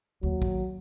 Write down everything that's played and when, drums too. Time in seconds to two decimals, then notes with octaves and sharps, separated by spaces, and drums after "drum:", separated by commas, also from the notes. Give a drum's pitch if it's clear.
0.23 D#2 F#3
0.42 drum: kick A#1